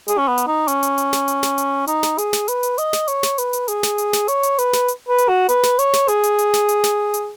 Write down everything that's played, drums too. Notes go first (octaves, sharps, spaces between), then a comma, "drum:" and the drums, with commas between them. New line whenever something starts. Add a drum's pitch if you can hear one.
G#4, drum: hi-hat
C#4
B3
drum: hi-hat
D#4
C#4, drum: hi-hat
drum: hi-hat
drum: hi-hat
drum: snare
drum: hi-hat
drum: snare
drum: hi-hat
D#4, drum: hi-hat
drum: snare
G#4, drum: hi-hat
drum: snare
B4, drum: hi-hat
drum: hi-hat
D#5, drum: hi-hat
drum: snare
C#5, drum: hi-hat
drum: snare
B4, drum: hi-hat
drum: hi-hat
G#4, drum: hi-hat
drum: snare
drum: hi-hat
drum: snare
C#5, drum: hi-hat
drum: hi-hat
B4, drum: hi-hat
drum: snare
drum: hi-hat
B4
drum: hi-hat
F#4
B4, drum: hi-hat
drum: snare
C#5, drum: hi-hat
drum: snare
G#4, drum: hi-hat
drum: hi-hat
drum: hi-hat
drum: snare
drum: hi-hat
drum: snare
drum: hi-hat